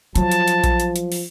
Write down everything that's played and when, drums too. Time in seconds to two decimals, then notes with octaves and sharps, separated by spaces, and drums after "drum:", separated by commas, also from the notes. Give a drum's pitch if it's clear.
0.15 F3 F#3 A5, drum: hi-hat
0.32 drum: hi-hat
0.48 drum: hi-hat
0.64 drum: kick A#1, hi-hat
0.80 drum: hi-hat
0.96 drum: hi-hat
1.12 drum: open hi-hat